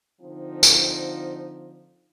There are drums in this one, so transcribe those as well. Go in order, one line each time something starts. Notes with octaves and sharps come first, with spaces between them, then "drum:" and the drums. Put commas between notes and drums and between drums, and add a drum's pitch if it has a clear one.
D3 F3 C4 D#4
drum: tambourine